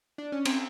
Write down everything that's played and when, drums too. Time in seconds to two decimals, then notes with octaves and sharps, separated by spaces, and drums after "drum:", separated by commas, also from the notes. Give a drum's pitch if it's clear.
0.18 D4
0.32 C#4
0.45 C4, drum: cymbal